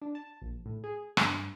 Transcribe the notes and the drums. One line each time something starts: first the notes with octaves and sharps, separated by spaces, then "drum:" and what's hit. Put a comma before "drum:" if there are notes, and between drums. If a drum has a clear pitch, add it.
D4
A5
A#1
A2
G#4
G2, drum: rim click